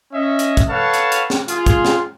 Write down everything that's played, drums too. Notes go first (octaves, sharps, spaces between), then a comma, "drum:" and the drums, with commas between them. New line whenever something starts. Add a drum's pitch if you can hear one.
C#4 D#5 E5
drum: hi-hat
drum: kick, hi-hat
A4 B4 C#5 F5 F#5 A5
drum: hi-hat
drum: hi-hat
drum: snare
F4 G#4, drum: hi-hat
drum: kick, hi-hat
drum: snare